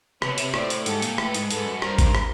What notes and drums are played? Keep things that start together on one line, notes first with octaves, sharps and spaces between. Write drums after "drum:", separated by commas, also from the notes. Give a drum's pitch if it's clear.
C3 B4 C#5, drum: rim click
B2
C3, drum: hi-hat
A2 C5 D5, drum: rim click
drum: hi-hat
G#2 G4 A4, drum: hi-hat
A#2, drum: hi-hat
A2 A4 B4, drum: rim click
G#2, drum: hi-hat
G#2 A4 B4, drum: hi-hat
F#2
G2 A#4 C5, drum: rim click
G2, drum: kick A1, hi-hat
drum: rim click